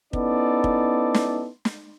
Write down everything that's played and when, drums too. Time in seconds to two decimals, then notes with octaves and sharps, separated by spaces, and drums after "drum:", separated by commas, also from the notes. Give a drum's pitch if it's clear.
0.13 B3 C#4 D#4 E4 A4 D5, drum: kick
0.64 drum: kick
1.14 drum: snare
1.65 drum: snare